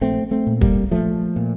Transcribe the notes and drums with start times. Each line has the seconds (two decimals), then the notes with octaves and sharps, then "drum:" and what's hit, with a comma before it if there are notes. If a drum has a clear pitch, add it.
0.01 A#1 A3 C4
0.31 A3 C4
0.47 A#2
0.61 G3 A#3, drum: kick
0.91 A#1 F3 A3
1.36 A#2